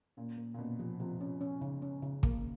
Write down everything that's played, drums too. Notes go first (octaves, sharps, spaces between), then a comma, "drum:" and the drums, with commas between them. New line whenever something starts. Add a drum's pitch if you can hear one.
A#2 C#4
A#3
A#2
B2 C#4
F3
C3 F3
C#4
C#4
C#3
C#4
C#3
A#3, drum: kick